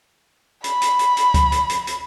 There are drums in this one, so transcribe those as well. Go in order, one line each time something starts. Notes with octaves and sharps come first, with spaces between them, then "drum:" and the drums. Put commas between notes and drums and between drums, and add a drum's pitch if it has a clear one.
B5, drum: hi-hat
drum: hi-hat
drum: hi-hat
drum: hi-hat
drum: kick C#2, hi-hat
drum: hi-hat
drum: hi-hat
drum: hi-hat